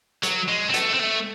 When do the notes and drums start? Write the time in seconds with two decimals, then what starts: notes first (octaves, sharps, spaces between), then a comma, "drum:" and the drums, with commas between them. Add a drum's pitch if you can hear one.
0.23 F#3, drum: hi-hat
0.48 G#3
0.70 C4
0.74 A3, drum: hi-hat
0.94 C4
0.99 A3